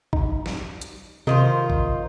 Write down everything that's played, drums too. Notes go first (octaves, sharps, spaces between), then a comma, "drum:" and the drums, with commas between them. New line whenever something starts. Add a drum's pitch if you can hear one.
D#4, drum: kick A1
drum: snare
drum: hi-hat
C3 D#3 F4 C5
drum: kick A1